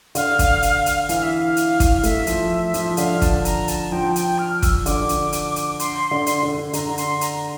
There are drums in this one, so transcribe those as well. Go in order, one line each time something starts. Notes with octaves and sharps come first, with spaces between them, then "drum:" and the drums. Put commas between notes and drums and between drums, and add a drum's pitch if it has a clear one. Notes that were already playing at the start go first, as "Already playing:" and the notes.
D3 F5, drum: hi-hat
drum: kick, hi-hat
drum: hi-hat
drum: hi-hat
E3 F5, drum: hi-hat
E5
F5
drum: hi-hat
drum: kick, hi-hat
A3 E5, drum: hi-hat
F3, drum: hi-hat
F3, drum: hi-hat
D3 F5, drum: hi-hat
A5, drum: kick, hi-hat
A#5, drum: hi-hat
A5, drum: hi-hat
F3 G5
G5, drum: hi-hat
F6
F6
E6, drum: kick, hi-hat
D3 D6, drum: hi-hat
drum: hi-hat
drum: hi-hat
drum: hi-hat
C6, drum: hi-hat
D3
drum: hi-hat
D3
D3 A#5, drum: hi-hat
A#5
C6, drum: hi-hat
A#5, drum: hi-hat